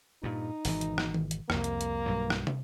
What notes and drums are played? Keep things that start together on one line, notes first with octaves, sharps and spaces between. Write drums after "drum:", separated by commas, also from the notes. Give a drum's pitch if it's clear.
G2 A#2 D#4
G#1 B2 E3, drum: open hi-hat
drum: hi-hat
drum: rim click
drum: tom D#3
drum: hi-hat
C2 F2 A#3, drum: rim click
drum: hi-hat
drum: hi-hat
B1 G2 F#3
drum: rim click
drum: tom